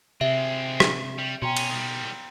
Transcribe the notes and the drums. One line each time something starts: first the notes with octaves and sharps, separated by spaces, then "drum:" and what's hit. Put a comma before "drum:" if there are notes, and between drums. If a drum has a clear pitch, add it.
C3 G#3 C4 E5
drum: rim click
G3
B2 C#4 G5 A#5 C6
drum: cymbal
D#3 G3